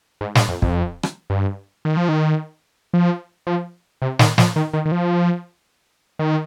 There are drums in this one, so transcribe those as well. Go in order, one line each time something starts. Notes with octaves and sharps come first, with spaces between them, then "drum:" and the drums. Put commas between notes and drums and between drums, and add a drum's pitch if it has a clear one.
G#2
G2, drum: snare
F2
F2, drum: kick
drum: rim click
G2
D#3
F3
D#3
F3
F3
C3
D#3, drum: snare
F3, drum: snare
D#3
D#3
D#3
F3
D#3